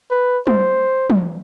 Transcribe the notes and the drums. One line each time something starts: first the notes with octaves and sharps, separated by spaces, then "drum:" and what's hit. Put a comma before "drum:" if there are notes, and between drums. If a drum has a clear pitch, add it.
B4
C5, drum: tom
drum: tom